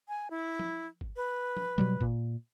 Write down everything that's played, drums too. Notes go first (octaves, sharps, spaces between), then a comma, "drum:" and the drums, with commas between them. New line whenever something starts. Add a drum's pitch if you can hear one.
G#5
E4
drum: tom
drum: kick G1
B4
drum: tom
B2 F#3 G3
A#2, drum: kick G1